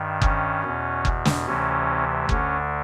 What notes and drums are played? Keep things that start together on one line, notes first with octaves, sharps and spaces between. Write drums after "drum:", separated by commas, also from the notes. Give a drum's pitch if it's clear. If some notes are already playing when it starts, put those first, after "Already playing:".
Already playing: G2 D#3
C#4, drum: kick F#1
E2 B2
drum: kick F#1
drum: snare
D2 C3 E3 C#4
D2 D3 C#4, drum: kick F#1